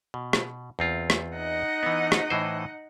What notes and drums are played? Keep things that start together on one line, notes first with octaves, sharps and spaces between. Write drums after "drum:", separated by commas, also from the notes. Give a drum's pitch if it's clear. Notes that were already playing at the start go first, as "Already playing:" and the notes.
B2
drum: rim click
E2 C4 F4
drum: rim click
D#4 D#5 F#5
E3 B3
drum: rim click
A2 E3 C5